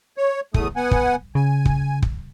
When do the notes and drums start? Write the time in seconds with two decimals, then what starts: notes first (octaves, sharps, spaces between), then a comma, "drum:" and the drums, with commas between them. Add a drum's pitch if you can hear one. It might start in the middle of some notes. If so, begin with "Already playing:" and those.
0.17 C#5
0.54 E2 A3 D#6, drum: kick
0.76 B3 F#5 G#5
0.91 drum: kick
1.35 C#3 G#5
1.65 drum: kick
2.02 drum: kick